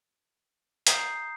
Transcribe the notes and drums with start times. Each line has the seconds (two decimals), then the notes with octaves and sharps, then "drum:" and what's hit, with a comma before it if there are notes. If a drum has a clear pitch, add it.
0.87 A#5 D#6 G6 C7, drum: hi-hat